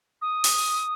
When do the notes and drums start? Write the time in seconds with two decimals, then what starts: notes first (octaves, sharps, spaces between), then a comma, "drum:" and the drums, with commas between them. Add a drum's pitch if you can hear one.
0.21 D#6
0.44 drum: open hi-hat